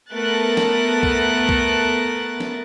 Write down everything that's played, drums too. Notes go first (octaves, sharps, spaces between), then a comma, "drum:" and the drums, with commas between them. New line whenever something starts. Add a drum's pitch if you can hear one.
A3 B3 A#4 F#6 A6
drum: snare
drum: kick C2
drum: kick C2
drum: snare